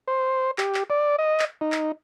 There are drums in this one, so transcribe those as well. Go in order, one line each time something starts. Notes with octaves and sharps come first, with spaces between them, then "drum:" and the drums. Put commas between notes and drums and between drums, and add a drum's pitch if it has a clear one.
C5
G4, drum: clap
drum: clap
D5
D#5
drum: clap
D#4
drum: clap